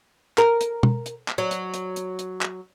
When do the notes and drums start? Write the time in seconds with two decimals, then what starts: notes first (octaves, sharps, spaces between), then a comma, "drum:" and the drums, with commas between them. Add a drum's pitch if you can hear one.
0.38 A#4, drum: clap
0.61 drum: hi-hat
0.83 drum: tom B2
1.06 drum: hi-hat
1.28 drum: clap
1.38 F#3
1.51 drum: hi-hat
1.74 drum: hi-hat
1.96 drum: hi-hat
2.19 drum: hi-hat
2.41 drum: clap